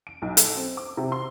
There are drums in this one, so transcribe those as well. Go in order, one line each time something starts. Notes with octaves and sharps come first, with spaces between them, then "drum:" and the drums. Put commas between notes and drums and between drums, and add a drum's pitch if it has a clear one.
D7
B1
A4, drum: hi-hat
C4
D6
C3
C6